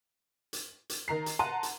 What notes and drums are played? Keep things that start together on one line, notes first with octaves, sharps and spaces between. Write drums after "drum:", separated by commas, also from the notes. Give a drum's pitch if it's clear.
drum: hi-hat
drum: hi-hat
D#3 A#5 C7
drum: hi-hat
F#5 A5 A#5 C6 D#7
drum: hi-hat